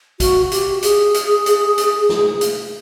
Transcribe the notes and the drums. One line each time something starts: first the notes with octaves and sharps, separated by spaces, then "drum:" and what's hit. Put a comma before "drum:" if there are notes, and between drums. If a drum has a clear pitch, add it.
F#4, drum: kick, hi-hat
G4, drum: hi-hat
G#4, drum: hi-hat
drum: hi-hat
drum: hi-hat
drum: hi-hat
drum: snare
drum: hi-hat